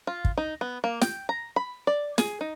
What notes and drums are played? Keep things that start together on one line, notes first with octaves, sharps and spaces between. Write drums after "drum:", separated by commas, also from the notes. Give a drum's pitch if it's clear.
F4
drum: kick
D#4
B3
A#3
G5, drum: snare
A#5
B5
D5
G#4, drum: snare
D#4